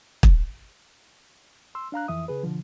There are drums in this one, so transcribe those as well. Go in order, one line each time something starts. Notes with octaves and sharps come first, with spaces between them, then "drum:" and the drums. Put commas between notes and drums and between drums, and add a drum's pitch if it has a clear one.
drum: kick
C6 E6
D4 F5 A#5 F#6
F2 E3 E5 D#6
C#3 G#4 B4
B2 D3 F3